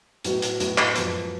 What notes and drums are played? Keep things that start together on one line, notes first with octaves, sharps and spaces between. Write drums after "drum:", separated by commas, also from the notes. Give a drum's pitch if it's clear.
A2 F#3 B3 F#4, drum: hi-hat
drum: hi-hat
A2 F#3 B3 F#4, drum: hi-hat
drum: clap
F#2 F3 G#3 B3, drum: hi-hat